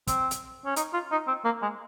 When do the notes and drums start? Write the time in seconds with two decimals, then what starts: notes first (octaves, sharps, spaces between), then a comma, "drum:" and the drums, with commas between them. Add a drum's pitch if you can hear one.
0.07 C4, drum: kick, hi-hat
0.31 drum: hi-hat
0.65 C#4
0.76 D#4, drum: hi-hat
0.93 F4
1.11 D#4
1.27 C4
1.45 A#3
1.62 G#3